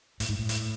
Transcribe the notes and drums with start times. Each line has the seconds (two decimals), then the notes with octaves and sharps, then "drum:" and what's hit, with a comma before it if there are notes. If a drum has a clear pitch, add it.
0.20 A2, drum: hi-hat
0.29 G#2
0.39 A2
0.49 drum: hi-hat